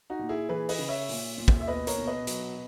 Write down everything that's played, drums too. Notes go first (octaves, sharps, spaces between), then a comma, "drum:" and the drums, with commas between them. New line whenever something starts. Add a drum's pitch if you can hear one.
D#4 F#4
A#2
E4 G#4
E3 G#4 B4
B4 D#5, drum: open hi-hat
C#3
C#5 E5
A#2, drum: open hi-hat
A#2
drum: kick
E5
B2 B4 D#5
A#4 C#5, drum: hi-hat
B2
B4 D#5
F#3, drum: hi-hat